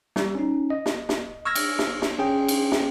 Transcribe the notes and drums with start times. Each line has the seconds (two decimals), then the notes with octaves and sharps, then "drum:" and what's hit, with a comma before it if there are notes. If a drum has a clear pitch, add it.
0.16 G3, drum: snare
0.35 C#4 D#4
0.70 D#5
0.86 drum: snare
1.09 drum: snare
1.45 C#6 E6 F6 G#6 A#6
1.55 drum: cymbal
1.79 drum: snare
2.02 drum: snare
2.19 C#4 G#4 G5
2.48 drum: cymbal
2.72 drum: snare